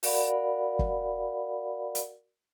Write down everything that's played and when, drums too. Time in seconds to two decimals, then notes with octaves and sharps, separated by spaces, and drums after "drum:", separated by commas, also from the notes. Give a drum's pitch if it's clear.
0.03 F#4 A#4 D5 F5 F#5 B5, drum: open hi-hat
0.79 drum: kick F#1
1.95 drum: hi-hat